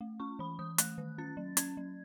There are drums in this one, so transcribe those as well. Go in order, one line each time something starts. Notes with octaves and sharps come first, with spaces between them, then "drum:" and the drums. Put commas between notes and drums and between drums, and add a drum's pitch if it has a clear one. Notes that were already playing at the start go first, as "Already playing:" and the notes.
A3
C#4 C#6
E3 B5
E3 D#6
A3 F#6, drum: hi-hat
D#3
C#4 A6
F#3
C#4 G#6, drum: hi-hat
F#3